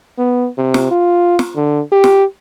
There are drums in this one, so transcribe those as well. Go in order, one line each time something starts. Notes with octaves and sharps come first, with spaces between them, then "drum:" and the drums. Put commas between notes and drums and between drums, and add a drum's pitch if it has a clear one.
B3
C3
drum: snare
F4
drum: snare
D3
G4
drum: snare